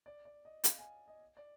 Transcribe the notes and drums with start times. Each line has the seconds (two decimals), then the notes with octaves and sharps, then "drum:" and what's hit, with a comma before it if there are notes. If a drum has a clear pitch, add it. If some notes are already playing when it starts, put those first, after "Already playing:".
0.06 D5
0.25 D5
0.45 D#5
0.64 F5, drum: hi-hat
0.79 G#5
1.08 D#5
1.37 D5